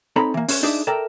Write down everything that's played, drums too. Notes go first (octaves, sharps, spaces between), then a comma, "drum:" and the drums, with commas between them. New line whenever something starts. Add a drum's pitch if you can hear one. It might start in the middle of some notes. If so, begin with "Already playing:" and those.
C4 D#4 A4 C#5 A#5 B5
E3 A#3
C#4, drum: open hi-hat
D4 D#4 G#4 B4 D5 E5
A4 A#4 D5 E5 G5 A#5